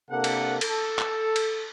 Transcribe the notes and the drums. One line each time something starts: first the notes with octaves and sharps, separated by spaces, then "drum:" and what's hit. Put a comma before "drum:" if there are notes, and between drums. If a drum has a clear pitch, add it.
C3 A#3 D4 A4 A#4 F#5
drum: cymbal
A4, drum: cymbal
drum: clap
drum: cymbal